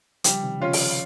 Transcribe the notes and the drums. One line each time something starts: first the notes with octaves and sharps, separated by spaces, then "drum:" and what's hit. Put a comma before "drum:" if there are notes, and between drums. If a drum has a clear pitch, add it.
C#3 F3 G3, drum: hi-hat
C3 D#3
C#3 F3 C#4 F4
drum: open hi-hat